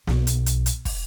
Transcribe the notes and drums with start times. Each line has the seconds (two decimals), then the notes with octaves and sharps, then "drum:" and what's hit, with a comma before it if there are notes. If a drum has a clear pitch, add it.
0.07 B1, drum: snare
0.27 drum: hi-hat
0.46 drum: hi-hat
0.66 drum: hi-hat
0.85 drum: kick, open hi-hat